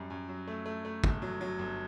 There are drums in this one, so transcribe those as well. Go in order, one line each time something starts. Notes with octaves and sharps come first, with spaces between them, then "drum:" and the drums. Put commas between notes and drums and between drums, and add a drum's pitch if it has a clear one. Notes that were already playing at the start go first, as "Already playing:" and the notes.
Already playing: F#2 G3
F#2
F#3
A3
A3
A3
G1, drum: kick
F#3
F#3
G1